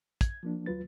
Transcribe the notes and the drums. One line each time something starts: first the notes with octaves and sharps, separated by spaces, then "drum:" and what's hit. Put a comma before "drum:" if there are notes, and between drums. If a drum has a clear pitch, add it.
G#6, drum: kick, hi-hat
F3 A#3 D4
D2 F#3 F4 B4 A6